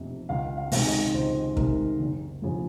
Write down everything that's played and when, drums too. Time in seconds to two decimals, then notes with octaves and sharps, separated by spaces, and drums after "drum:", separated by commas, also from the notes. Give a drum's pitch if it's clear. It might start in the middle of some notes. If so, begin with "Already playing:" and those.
Already playing: F1 F2 C3
0.29 C#2 F5
0.57 F5
0.72 C3 D#3 G#3, drum: open hi-hat
0.86 D#5
1.14 C#2 C5
1.57 C3 D#3 G#3 A#4, drum: kick
2.00 F#1
2.42 F2 C#3 F3